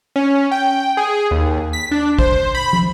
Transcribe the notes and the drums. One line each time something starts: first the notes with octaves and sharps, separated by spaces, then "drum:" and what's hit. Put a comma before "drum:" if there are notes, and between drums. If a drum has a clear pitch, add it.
C#4
G5
G#4
D#2
B6
D4
C5, drum: kick
B5
drum: tom